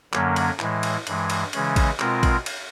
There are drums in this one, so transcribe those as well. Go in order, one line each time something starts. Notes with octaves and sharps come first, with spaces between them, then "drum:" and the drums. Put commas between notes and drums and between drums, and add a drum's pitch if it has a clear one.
F#2 D3 F#3 A#3 C#4, drum: clap
drum: cymbal
A2 E3 G#3, drum: clap
drum: cymbal
G2 E3 G#3, drum: cymbal
drum: cymbal
C#3 E3 G#3 C#4, drum: cymbal
drum: kick A1, cymbal
B2 G#3 C4 F4 A#4, drum: clap
drum: kick A1, cymbal
drum: cymbal